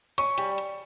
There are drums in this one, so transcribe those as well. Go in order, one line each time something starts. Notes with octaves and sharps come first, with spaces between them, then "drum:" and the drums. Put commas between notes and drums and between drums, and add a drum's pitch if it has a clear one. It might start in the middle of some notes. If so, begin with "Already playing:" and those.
C#4 C#6, drum: hi-hat
G3, drum: hi-hat
drum: hi-hat